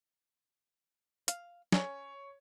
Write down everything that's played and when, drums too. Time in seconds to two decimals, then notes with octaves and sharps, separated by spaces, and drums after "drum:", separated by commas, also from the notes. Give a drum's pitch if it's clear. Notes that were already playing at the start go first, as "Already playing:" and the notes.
1.28 F5, drum: hi-hat
1.72 C#4 C#5, drum: snare